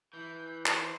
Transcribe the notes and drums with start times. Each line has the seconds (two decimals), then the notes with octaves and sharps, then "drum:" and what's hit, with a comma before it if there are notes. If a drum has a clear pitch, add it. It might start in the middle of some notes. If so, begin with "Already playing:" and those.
0.13 E3 G6
0.66 C5, drum: clap